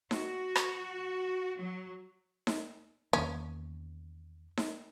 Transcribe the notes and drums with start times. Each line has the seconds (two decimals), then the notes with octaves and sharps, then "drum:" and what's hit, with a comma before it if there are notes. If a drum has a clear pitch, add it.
0.11 F#4, drum: snare D#4
0.55 drum: rim click
1.60 F#3
2.47 drum: snare D#4
3.13 E2 D#3 A#3 C#4
4.57 drum: snare D#4